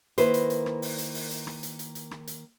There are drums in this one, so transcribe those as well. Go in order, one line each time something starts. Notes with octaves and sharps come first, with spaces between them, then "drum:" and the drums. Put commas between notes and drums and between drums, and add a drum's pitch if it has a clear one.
D#3 A#3 E4 B4 C5, drum: hi-hat
drum: hi-hat
drum: hi-hat
drum: rim click
drum: open hi-hat
drum: hi-hat
drum: open hi-hat
drum: hi-hat
drum: rim click
drum: hi-hat
drum: hi-hat
drum: hi-hat
drum: rim click
drum: hi-hat